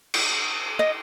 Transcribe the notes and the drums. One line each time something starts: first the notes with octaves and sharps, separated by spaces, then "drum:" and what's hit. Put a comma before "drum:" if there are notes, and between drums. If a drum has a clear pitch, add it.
drum: cymbal
D#5